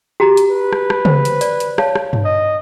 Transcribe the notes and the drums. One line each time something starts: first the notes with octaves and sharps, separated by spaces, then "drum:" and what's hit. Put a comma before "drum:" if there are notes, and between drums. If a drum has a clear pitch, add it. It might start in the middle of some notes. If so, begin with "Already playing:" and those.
F#4 G4 A#5
drum: hi-hat
B4
drum: rim click
drum: rim click
C5, drum: tom C#3
drum: hi-hat
D5, drum: hi-hat
drum: hi-hat
C#5 F5 A5, drum: rim click
drum: rim click
drum: tom G2
D#5